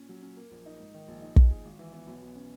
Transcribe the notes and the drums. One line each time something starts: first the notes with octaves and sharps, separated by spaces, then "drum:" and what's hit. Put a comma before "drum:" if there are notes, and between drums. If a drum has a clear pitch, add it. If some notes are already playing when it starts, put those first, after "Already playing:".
Already playing: A#2 C#4
F#3
C#4
A#3
A#1
D#4
G#2
D#3
A#1
D#4
G#4, drum: kick
G#4
G#1
E3
B3
B1
B2
C#4